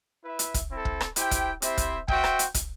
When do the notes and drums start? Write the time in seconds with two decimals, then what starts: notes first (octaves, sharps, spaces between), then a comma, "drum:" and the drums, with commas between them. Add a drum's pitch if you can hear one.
0.23 E4 B4 E5
0.39 drum: hi-hat
0.54 drum: kick, hi-hat
0.70 C4 E4 A4
0.85 drum: kick
1.01 drum: rim click
1.16 E4 G4 C5 G5, drum: hi-hat
1.31 drum: kick, hi-hat
1.62 C4 E4 G4 C5 E5, drum: hi-hat
1.78 drum: kick, hi-hat
2.08 F#4 C5 E5 G5, drum: kick
2.24 drum: rim click
2.39 drum: hi-hat
2.54 drum: kick, hi-hat